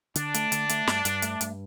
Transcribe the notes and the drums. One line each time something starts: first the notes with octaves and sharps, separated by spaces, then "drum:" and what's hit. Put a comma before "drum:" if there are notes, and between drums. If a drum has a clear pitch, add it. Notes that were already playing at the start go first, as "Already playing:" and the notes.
D3 D4, drum: hi-hat
A3, drum: hi-hat
D3, drum: hi-hat
A3, drum: hi-hat
G2, drum: snare
G2, drum: hi-hat
A3, drum: hi-hat
G2, drum: hi-hat